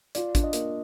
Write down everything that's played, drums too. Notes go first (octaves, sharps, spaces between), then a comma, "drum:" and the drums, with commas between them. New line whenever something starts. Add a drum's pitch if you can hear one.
F4 D5, drum: hi-hat
D4, drum: kick, hi-hat
D#5
A#3, drum: hi-hat